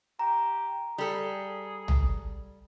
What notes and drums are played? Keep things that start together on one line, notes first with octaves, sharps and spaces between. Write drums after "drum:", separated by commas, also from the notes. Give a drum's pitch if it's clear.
G4 A#5
G3 G#4 A4
drum: tom A#1